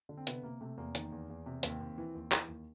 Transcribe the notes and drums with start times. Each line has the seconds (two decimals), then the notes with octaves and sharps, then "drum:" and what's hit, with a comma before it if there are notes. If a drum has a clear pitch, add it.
0.09 D3
0.17 C4
0.27 C3 B3, drum: hi-hat
0.43 C3 A#3
0.61 C3 A3
0.77 E2 A#3
0.95 D#3, drum: hi-hat
1.12 E2
1.30 E2
1.46 C3
1.63 D#2 C4, drum: hi-hat
1.80 D#2
1.98 E3
2.15 D#2
2.32 E3, drum: clap
2.48 D#2